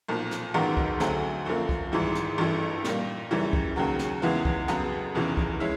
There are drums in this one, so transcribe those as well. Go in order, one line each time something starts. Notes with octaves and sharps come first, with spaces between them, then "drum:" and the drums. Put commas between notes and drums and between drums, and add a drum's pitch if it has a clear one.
B1 A#2 F3
drum: snare
A1 G#2 D#3 F#3 B3
drum: kick B1
D2 D3 F#3 A3 C4, drum: snare
F#2 D3 F3 A#3
drum: kick B1
G#1 G#2 E3 G3
drum: snare
A1 G2 E3 A3
A#2 G3 A#3, drum: snare
F#2 C#3 E3 G3
drum: kick B1
D#2 C#3 F#3
drum: snare
E2 C#3 E3 G#3 B3
drum: kick B1
F2 C#3 F#3 B3, drum: snare
F1 E2 C#3 E3
drum: kick B1
G#3 C#4 E4